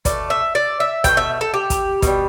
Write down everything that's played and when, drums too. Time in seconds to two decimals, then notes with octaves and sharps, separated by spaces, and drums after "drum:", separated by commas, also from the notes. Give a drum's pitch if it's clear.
0.05 B2 A3 D5, drum: kick, hi-hat
0.30 E5
0.55 D5
0.80 E5
1.04 B2 A3 G5, drum: kick, hi-hat
1.17 E5
1.41 A4
1.54 G4
1.70 drum: kick, hi-hat
2.02 B2 G3, drum: kick, hi-hat